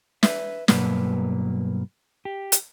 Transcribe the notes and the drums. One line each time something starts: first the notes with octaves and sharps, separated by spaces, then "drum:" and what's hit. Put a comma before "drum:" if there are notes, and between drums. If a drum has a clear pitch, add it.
B4 E5, drum: snare
G2 B2 F#3 A#3 B4, drum: snare
G4
drum: hi-hat